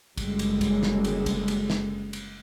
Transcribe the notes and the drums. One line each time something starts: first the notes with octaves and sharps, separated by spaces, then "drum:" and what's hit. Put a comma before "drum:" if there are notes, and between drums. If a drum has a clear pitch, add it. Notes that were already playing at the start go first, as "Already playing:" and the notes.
F#1 F#2 D3 G3 G#3, drum: kick, cymbal
drum: cymbal
drum: kick, cymbal
drum: snare
drum: cymbal
drum: kick, cymbal
drum: cymbal
drum: snare
drum: cymbal